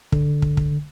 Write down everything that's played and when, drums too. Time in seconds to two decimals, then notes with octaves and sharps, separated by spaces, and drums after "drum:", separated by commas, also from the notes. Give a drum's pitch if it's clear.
0.12 D3, drum: kick
0.42 drum: kick
0.57 drum: kick